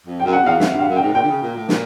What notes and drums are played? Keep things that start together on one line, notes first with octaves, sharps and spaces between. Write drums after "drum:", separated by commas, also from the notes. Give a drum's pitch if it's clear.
F2
G5
F#2
F#5
E2 F5
F2 E5, drum: snare
G2
F5
F#2
G5
G#2
A2
A#2 G5
D3
C#3
A#2
A2
A#2, drum: snare